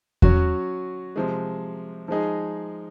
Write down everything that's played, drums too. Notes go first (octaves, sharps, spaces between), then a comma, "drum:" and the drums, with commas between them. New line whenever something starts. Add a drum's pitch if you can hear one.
F#3 C#4 F#4, drum: kick E2
C3 F3 G#3
F3 G#3 D#4 G#4